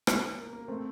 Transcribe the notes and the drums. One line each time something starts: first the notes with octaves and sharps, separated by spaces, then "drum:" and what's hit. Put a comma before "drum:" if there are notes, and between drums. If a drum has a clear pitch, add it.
drum: rim click
A#3
A#3
A3 C4